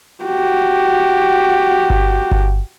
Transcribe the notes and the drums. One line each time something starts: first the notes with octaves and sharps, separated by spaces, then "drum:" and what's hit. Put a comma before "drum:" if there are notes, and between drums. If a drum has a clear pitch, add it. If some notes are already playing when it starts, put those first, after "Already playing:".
F#4 G4
drum: kick G1
drum: kick G1